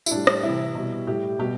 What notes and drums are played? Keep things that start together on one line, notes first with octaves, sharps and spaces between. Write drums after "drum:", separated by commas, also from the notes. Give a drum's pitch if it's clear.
E4, drum: tambourine
A2 G3 D4
drum: rim click
C3 E3 G3 E4
B2 G3
A2 G3 G4
B2 G3 G4